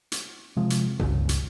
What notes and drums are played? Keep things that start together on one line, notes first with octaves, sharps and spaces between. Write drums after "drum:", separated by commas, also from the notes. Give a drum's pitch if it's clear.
drum: hi-hat
C3 F3 G#3
drum: hi-hat
G1 C#2, drum: tom B2
drum: hi-hat